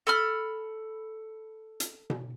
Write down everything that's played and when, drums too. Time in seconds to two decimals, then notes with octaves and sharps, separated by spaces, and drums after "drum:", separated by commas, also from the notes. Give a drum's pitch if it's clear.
0.07 A4 B5 F6
1.80 drum: hi-hat
2.10 drum: tom B2